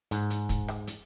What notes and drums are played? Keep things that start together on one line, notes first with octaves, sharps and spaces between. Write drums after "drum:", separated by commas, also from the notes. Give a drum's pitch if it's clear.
G#2, drum: hi-hat
drum: hi-hat
drum: kick, hi-hat
drum: rim click
drum: hi-hat